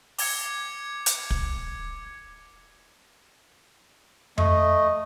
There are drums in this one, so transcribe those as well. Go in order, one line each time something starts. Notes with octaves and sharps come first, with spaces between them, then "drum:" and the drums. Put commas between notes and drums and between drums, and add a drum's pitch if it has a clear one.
D6 G#6 C#7, drum: open hi-hat
drum: hi-hat
drum: kick
A3 D#5, drum: tom F2